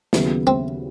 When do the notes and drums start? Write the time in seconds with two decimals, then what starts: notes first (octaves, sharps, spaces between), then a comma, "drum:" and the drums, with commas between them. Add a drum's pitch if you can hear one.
0.13 D#2 C#3 F#3 B3 E4, drum: snare
0.47 C4